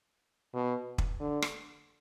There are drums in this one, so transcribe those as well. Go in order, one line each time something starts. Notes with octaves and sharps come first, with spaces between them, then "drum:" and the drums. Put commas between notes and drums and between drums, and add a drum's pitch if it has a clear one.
B2
drum: kick
D3
drum: rim click